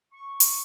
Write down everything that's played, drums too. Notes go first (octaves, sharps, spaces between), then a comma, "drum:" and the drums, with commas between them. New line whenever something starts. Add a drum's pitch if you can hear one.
C#6
drum: hi-hat